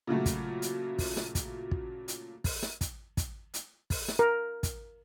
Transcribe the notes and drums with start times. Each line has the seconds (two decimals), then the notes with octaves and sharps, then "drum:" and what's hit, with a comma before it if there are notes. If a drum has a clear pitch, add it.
0.07 A#2 C#3 F#3 A3
0.26 drum: kick, hi-hat
0.62 drum: hi-hat
0.99 drum: kick, open hi-hat
1.17 drum: snare
1.35 drum: kick, hi-hat
1.71 drum: kick
2.08 drum: hi-hat
2.44 drum: kick, open hi-hat
2.63 drum: snare
2.81 drum: kick, hi-hat
3.17 drum: kick, hi-hat
3.54 drum: hi-hat
3.90 drum: kick, open hi-hat
4.08 drum: snare
4.19 A#4
4.63 drum: kick, hi-hat